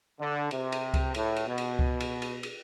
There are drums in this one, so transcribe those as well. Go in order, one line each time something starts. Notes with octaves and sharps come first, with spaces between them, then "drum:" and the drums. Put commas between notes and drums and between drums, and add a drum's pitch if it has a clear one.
D3
C3, drum: cymbal
drum: cymbal
drum: kick C#2, cymbal
A2, drum: cymbal
drum: cymbal
B2
drum: cymbal
drum: kick C#2
drum: cymbal
drum: cymbal
drum: cymbal